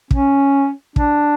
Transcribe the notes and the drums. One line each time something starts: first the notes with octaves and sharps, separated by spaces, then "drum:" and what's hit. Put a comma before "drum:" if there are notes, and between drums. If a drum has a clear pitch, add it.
C#4, drum: kick
D4, drum: kick